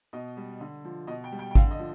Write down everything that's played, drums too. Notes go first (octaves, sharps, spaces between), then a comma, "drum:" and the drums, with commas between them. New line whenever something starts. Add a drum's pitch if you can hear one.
B2 D#5
G3
D3
F3
B2 D#5
G5
G3
G5
G5
D3 F5, drum: kick G#1
D#5
F3